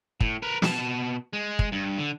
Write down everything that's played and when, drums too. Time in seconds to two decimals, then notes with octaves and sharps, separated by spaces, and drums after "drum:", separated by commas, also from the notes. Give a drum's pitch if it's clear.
0.20 A2, drum: kick
0.42 A#4 B4
0.62 B2 A5, drum: snare
1.33 G#3
1.59 drum: kick
1.72 G2
1.98 D3